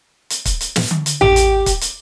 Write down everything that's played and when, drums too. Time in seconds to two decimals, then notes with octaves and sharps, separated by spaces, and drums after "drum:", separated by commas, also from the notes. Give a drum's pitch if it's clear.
0.30 drum: hi-hat
0.45 drum: kick, hi-hat
0.61 drum: hi-hat
0.76 drum: snare
0.91 drum: tom D3
1.06 drum: hi-hat
1.21 G4, drum: tom A1
1.36 drum: hi-hat
1.66 drum: kick, hi-hat
1.81 drum: hi-hat